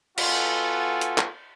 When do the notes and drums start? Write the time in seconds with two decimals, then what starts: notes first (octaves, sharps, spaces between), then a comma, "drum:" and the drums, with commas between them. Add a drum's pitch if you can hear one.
0.18 B3 F4 F#4 A4 G#5, drum: cymbal
1.01 drum: hi-hat
1.18 drum: clap